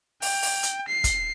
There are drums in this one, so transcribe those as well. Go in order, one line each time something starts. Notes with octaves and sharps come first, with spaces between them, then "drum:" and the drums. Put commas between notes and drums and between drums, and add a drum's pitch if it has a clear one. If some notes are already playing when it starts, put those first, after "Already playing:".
G5, drum: open hi-hat
drum: open hi-hat
drum: hi-hat
C7
drum: kick, hi-hat